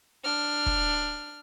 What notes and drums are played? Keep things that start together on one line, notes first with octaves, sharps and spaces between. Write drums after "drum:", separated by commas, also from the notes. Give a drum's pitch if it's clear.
D4 F6
drum: kick